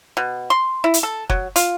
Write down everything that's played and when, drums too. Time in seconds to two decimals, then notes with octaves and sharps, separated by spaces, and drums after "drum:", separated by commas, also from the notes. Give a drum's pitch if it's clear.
0.17 B2
0.50 C6
0.84 E4
0.94 drum: hi-hat
1.03 A4
1.30 F#3, drum: kick F#1
1.56 F4, drum: hi-hat